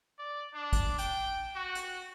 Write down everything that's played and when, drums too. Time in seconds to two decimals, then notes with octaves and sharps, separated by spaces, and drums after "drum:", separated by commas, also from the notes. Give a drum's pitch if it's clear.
0.18 D5
0.54 D4
0.73 drum: kick, hi-hat
0.98 G5, drum: hi-hat
1.55 F#4
1.75 drum: hi-hat